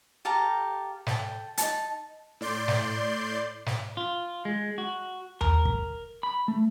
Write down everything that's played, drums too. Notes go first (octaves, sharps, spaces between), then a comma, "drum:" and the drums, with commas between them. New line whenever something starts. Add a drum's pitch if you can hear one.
G4 A4 F5 A#5
A4 G5, drum: snare
D#4 A5, drum: hi-hat
A2 D5 C6 G6
drum: snare
drum: snare
F4
G#3
F#4
A#4, drum: tom D#2
drum: kick
B5
A3